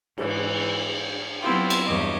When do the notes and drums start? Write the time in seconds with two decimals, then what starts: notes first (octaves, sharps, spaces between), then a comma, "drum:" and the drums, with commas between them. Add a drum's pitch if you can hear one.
0.18 G#2 E3, drum: cymbal
1.41 F#3 B3 C4 E4 F4 G4
1.70 drum: cymbal
1.86 E2 G2 C#5 D#5 D6